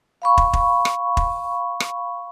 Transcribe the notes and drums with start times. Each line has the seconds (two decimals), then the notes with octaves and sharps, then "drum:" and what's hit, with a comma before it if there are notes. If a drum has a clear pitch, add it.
0.22 F5 B5 C#6
0.38 drum: kick
0.53 drum: kick
0.85 drum: rim click
1.17 drum: kick
1.80 drum: rim click